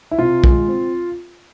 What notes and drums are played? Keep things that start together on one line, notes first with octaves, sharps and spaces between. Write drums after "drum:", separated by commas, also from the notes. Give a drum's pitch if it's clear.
E4
C3 F4
G#3, drum: kick B1
C4